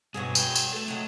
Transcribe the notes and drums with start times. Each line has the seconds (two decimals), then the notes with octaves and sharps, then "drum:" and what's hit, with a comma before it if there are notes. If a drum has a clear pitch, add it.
0.14 G2 B2 F#3 G#4
0.35 B4 G5, drum: tambourine
0.55 drum: tambourine
0.72 A3 A4
0.88 F#3 G#3